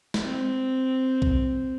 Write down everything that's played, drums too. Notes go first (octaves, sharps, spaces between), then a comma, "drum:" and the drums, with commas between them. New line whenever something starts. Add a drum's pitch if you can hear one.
drum: snare
C4
drum: kick